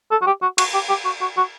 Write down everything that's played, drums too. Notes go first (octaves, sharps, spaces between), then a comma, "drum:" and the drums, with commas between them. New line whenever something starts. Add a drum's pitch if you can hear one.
A4
F#4
G4
F#4
F#4, drum: cymbal
G4
G4
F#4
F#4
F#4